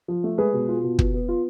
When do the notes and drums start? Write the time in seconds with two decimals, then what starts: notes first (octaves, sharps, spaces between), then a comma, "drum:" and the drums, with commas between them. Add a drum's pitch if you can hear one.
0.08 F3
0.24 A3
0.38 G#3 G#4 B4
0.53 B2
0.69 F4
0.83 B2
0.99 B3, drum: kick
1.14 B3
1.29 F4